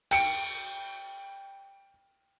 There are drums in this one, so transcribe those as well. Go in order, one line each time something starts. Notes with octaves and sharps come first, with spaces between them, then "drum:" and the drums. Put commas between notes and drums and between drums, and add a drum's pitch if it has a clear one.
G5 C#7 D7, drum: cymbal